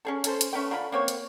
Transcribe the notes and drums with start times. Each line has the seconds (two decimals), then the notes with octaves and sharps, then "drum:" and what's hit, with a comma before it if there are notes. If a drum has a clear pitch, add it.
0.05 C#4 G#4 A4
0.24 C#4 A4 C5, drum: hi-hat
0.41 drum: hi-hat
0.53 A3 C#4 B4 G5
0.71 D3 F4 B5
0.92 A#3 C4 C#5
1.08 drum: hi-hat